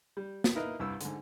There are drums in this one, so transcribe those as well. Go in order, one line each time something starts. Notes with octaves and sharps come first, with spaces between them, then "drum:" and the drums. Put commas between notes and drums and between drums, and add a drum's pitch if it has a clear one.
G3
drum: snare
A#3 D#4 E4 A#4 B4 D#5
C2 G2 E6
G#2 D3, drum: hi-hat